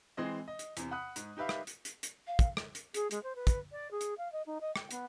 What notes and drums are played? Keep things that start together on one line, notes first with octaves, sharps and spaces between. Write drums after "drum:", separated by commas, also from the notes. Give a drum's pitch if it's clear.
E3 G#3 C4 D#5
D#5
drum: hi-hat
E2 C3, drum: hi-hat
F#5 B5 D#6 F#6
G#2, drum: hi-hat
D#4 G4 B4 E5 F5
drum: rim click
drum: hi-hat
drum: hi-hat
drum: hi-hat
F5
drum: kick, hi-hat
drum: rim click
drum: hi-hat
G#4, drum: hi-hat
G#3, drum: hi-hat
C5
B4
drum: kick, hi-hat
D5
G#4
drum: hi-hat
F5
D#5
D#4
D#5
G5, drum: rim click
B3, drum: hi-hat